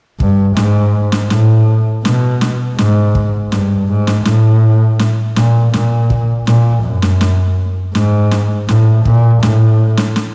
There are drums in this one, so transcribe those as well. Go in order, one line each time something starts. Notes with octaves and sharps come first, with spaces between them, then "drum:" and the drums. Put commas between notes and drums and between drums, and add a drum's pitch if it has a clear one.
G2, drum: kick
G#2, drum: snare
drum: snare
A2, drum: snare
B2, drum: snare
drum: snare
G#2, drum: snare
drum: kick
G2, drum: snare
G#2
drum: snare
A2, drum: snare
drum: snare
A#2, drum: snare
A#2, drum: snare
drum: kick
A#2, drum: snare
F#2
drum: snare
drum: snare
G#2, drum: snare
drum: snare
A2, drum: snare
A#2, drum: kick
A2, drum: snare
drum: snare
drum: snare